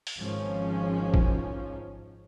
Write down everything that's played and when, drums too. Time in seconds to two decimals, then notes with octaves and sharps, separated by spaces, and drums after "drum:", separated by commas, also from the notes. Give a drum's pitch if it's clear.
0.07 drum: open hi-hat
0.19 G#1 G#2 F3 C#4
1.14 drum: kick A1